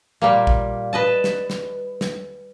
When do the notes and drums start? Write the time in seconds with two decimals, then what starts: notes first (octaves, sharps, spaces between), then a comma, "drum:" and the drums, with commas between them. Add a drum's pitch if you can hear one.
0.22 A#2 G3 A#3
0.47 drum: kick
0.93 B4 D#5 A5
1.24 drum: snare
1.50 drum: snare
2.01 drum: snare